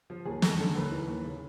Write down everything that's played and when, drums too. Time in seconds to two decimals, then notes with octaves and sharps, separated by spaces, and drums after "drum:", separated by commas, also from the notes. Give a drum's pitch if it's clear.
0.10 F3
0.25 D#2 G#4
0.42 E1 A4, drum: snare
0.58 D3 A4
0.75 D#2 B4
0.91 E3
1.08 D#2
1.24 C#3